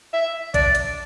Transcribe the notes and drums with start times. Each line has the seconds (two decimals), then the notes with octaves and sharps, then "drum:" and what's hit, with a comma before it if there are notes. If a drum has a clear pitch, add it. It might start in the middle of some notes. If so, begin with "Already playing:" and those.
0.14 E5
0.54 D5, drum: kick A#1, hi-hat
0.75 drum: hi-hat